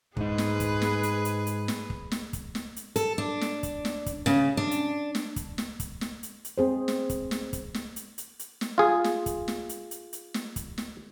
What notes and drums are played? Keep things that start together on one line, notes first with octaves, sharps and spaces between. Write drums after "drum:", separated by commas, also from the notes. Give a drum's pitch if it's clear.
G#2 D#4 G#4 B4, drum: kick
drum: snare
drum: kick, hi-hat
drum: snare
drum: hi-hat
drum: hi-hat
drum: hi-hat
drum: snare
drum: kick
drum: snare
drum: kick, hi-hat
drum: snare
drum: hi-hat
A4, drum: hi-hat
D4
drum: snare
drum: kick, hi-hat
drum: snare
drum: kick, hi-hat
C#3, drum: snare
D4
drum: hi-hat
drum: snare
drum: kick, hi-hat
drum: snare
drum: kick, hi-hat
drum: snare
drum: hi-hat
drum: hi-hat
C4 G#4 C5
drum: snare
drum: kick, hi-hat
drum: snare
drum: kick, hi-hat
drum: snare
drum: hi-hat
drum: hi-hat
drum: hi-hat
drum: snare
F4 G#4
drum: snare
drum: kick, hi-hat
drum: snare
drum: hi-hat
drum: hi-hat
drum: hi-hat
drum: snare
drum: kick, hi-hat
drum: snare